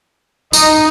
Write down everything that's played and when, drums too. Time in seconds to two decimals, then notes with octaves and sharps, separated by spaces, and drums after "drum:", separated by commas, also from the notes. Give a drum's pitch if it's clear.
0.53 D#4 D#5, drum: tambourine